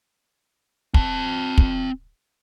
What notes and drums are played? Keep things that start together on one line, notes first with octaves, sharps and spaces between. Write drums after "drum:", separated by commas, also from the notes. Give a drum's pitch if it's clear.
C4 A5, drum: kick
drum: kick